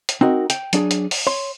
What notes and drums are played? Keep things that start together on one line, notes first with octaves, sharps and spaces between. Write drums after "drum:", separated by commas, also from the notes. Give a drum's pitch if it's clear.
drum: hi-hat
C4 D#4 F#4 A#4
G5, drum: hi-hat
F#3 D4 G#4, drum: hi-hat
drum: hi-hat
drum: open hi-hat
C#5 C6